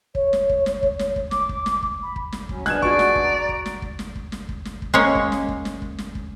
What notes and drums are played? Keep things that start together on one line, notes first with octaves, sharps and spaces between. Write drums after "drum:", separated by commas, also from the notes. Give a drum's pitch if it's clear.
C#5, drum: kick
drum: snare
drum: kick
drum: snare
drum: kick
drum: snare
drum: kick
D6, drum: snare
drum: kick
drum: snare
drum: kick
B5
drum: kick
drum: snare
F#3 C#4, drum: kick
B3 D4 G#4 F#6 G#6 E7, drum: snare
F#4 D5 C#6, drum: kick
drum: snare
drum: kick
A#5
drum: kick
drum: snare
drum: kick
drum: snare
drum: kick
drum: snare
drum: kick
drum: snare
drum: kick
G#3 A#3 C#4 C#5
drum: kick
drum: snare
drum: kick
drum: snare
drum: kick
drum: snare
drum: kick